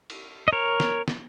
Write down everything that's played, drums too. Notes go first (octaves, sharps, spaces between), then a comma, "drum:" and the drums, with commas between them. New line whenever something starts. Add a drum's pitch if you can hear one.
drum: cymbal
D#5
A#4 C#5
drum: snare
drum: snare